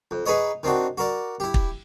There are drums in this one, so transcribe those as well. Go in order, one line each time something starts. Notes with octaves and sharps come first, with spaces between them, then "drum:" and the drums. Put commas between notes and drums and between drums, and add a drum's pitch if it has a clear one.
F2
D#4 G#4 B4 C#5 D#5
D#3 C4 D4 F#4
F#4 A#4 D5
E4 G4
drum: kick